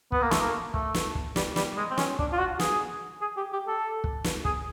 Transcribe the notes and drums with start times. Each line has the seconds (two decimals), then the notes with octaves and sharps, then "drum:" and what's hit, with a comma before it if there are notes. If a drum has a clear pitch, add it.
0.12 B3, drum: kick
0.22 A#3
0.31 A3, drum: snare
0.41 A#3
0.74 A3, drum: kick
0.94 drum: snare
1.15 drum: kick
1.36 G3, drum: snare
1.56 G3, drum: snare
1.77 G#3
1.90 C4
1.98 C#4, drum: snare
2.19 D4, drum: kick
2.32 F4
2.38 F#4
2.60 G#4, drum: snare
3.21 G#4
3.37 G4
3.53 G4
3.67 A4
4.04 drum: kick
4.24 drum: snare
4.45 G#4, drum: kick